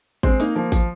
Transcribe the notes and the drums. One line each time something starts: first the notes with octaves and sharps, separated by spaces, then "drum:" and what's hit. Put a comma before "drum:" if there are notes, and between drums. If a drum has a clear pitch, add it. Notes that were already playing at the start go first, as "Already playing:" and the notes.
G#3 C4, drum: kick G#1
A#3 D#4, drum: tambourine
F3 A#3
F3, drum: kick G#1, tambourine